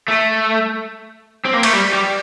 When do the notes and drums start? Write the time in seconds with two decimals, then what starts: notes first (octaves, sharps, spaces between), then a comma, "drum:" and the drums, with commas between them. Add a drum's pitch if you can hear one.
0.08 A3
1.45 C4
1.53 A#3
1.63 A3, drum: cymbal
1.73 G3
1.93 G3